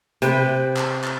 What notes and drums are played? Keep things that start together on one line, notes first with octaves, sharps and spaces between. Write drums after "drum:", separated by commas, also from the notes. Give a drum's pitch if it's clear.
C3 B4 G5, drum: hi-hat
drum: clap
drum: clap